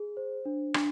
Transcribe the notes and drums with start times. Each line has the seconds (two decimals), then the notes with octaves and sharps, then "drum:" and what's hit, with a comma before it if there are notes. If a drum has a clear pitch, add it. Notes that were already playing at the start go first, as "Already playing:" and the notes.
Already playing: G#4
0.17 C5
0.45 D4
0.74 D4, drum: rim click